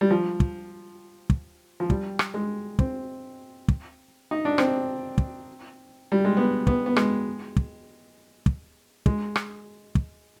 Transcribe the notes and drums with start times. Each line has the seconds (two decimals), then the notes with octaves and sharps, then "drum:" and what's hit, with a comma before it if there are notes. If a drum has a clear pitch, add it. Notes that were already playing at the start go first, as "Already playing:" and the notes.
0.01 G3
0.11 F3
0.40 drum: kick
1.30 drum: kick
1.80 F3
1.90 G3, drum: kick
2.19 drum: rim click
2.34 G#3
2.79 C4, drum: kick
3.68 drum: kick
4.31 D#4
4.45 D4
4.58 C4, drum: rim click
5.18 drum: kick
6.12 G3
6.25 G#3
6.37 B3
6.67 B3, drum: kick
6.86 B3
6.96 G#3, drum: rim click
7.56 drum: kick
8.46 drum: kick
9.06 G#3, drum: kick
9.36 drum: rim click
9.95 drum: kick